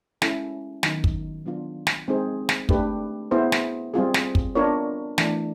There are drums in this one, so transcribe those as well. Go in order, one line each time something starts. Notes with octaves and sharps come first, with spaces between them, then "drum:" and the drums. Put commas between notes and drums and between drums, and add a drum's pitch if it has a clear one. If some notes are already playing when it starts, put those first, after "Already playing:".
G#3 C#4 E4 A4, drum: snare
D#3 F#3 B3 D#4, drum: snare
drum: kick
F#3 B3 D4 F4
drum: snare
G#3 C4 D#4 G#4 C5
drum: snare
A3 D4 G4 B4, drum: kick
B3 E4 G#4 C5
drum: snare
G3 C4 F4 G#4
drum: snare
drum: kick
B3 D4 F4 A#4 C#5
E3 A3 D4, drum: snare